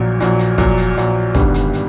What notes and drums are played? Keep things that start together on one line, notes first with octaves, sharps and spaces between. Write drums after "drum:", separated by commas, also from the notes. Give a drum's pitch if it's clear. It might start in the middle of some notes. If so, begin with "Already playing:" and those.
Already playing: A#1 A#2 F#3
A#1 A#2 F#3, drum: hi-hat
drum: hi-hat
A#1 A#2 F#3, drum: kick, hi-hat
drum: hi-hat
A#1 A#2 F#3, drum: hi-hat
G#1 G2 D3 G3 B3, drum: kick, hi-hat
drum: hi-hat
drum: hi-hat